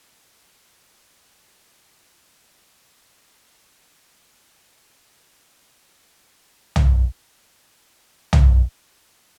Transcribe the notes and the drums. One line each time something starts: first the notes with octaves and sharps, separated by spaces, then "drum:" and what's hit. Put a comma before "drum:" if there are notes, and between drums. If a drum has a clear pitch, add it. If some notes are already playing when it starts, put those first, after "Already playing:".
Already playing: A3 G4
D5
D4 G4 B4
D5
B3 D4 G4 E5
G5
D4 G4 A5
A5
D4 A4 A5
G5
B3 G4 D5
E5
D4 A4
D6
A3 D4 G4 D6
B5
D4 A4 A5
drum: tom
drum: tom